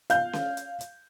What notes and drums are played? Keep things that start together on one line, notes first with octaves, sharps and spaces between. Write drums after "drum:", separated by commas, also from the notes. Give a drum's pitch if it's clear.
F5 G6, drum: hi-hat
drum: snare C#4
drum: hi-hat
drum: hi-hat